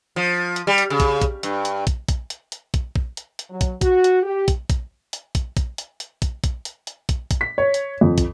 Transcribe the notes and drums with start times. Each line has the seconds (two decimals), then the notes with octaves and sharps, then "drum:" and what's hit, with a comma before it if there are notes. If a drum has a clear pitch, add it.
0.16 F3
0.56 drum: hi-hat
0.67 G3
0.78 drum: hi-hat
0.90 C#3
1.00 drum: kick, hi-hat
1.21 drum: kick, hi-hat
1.43 G2, drum: hi-hat
1.65 drum: hi-hat
1.87 drum: kick, hi-hat
2.09 drum: kick, hi-hat
2.30 drum: hi-hat
2.52 drum: hi-hat
2.74 drum: kick, hi-hat
2.96 drum: kick
3.17 drum: hi-hat
3.39 drum: hi-hat
3.50 F#3
3.61 drum: kick, hi-hat
3.81 F#4, drum: kick, hi-hat
4.04 drum: hi-hat
4.23 G4
4.48 drum: kick, hi-hat
4.70 drum: kick, hi-hat
5.13 drum: hi-hat
5.35 drum: kick, hi-hat
5.57 drum: kick, hi-hat
5.78 drum: hi-hat
6.00 drum: hi-hat
6.22 drum: kick, hi-hat
6.44 drum: kick, hi-hat
6.65 drum: hi-hat
6.87 drum: hi-hat
7.09 drum: kick, hi-hat
7.31 drum: kick, hi-hat
7.41 B6
7.58 C#5
7.74 drum: hi-hat
8.01 F2
8.18 drum: kick, hi-hat